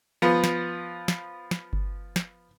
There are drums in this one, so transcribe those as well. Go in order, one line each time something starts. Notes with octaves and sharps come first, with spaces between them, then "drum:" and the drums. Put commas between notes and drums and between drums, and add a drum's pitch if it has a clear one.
F3 B3
drum: snare
drum: snare
drum: snare
drum: kick G1
drum: snare